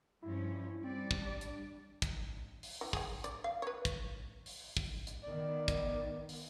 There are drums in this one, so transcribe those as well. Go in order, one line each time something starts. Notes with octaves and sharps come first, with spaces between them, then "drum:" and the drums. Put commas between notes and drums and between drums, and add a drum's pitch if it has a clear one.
G2 F3 C#4 E4
G3 C4 D5
drum: kick
D4
drum: hi-hat
drum: kick, hi-hat
drum: open hi-hat
E3
G#4 G#5, drum: kick
D5, drum: hi-hat
F5
B4 C#5
drum: kick, hi-hat
drum: open hi-hat
drum: kick
drum: hi-hat
D#3 B3 D5
drum: kick, hi-hat
drum: open hi-hat